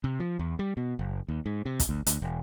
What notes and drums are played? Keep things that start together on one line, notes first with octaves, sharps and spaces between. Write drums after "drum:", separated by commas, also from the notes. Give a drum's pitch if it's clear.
C3
F3
E2
G3
B2
F#1
D#2
G#2
C3
drum: kick, hi-hat
D2
D2, drum: hi-hat
E1